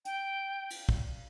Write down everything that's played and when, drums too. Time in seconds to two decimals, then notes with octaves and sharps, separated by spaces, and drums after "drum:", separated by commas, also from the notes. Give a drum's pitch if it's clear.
0.05 G5, drum: hi-hat
0.70 drum: cymbal
0.89 drum: kick